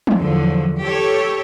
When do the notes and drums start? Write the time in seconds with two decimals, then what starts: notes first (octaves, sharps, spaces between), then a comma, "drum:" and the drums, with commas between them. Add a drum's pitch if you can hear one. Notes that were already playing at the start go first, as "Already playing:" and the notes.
0.07 drum: tom
0.17 E2 D3 F3 F#3
0.82 G4 A4 C#5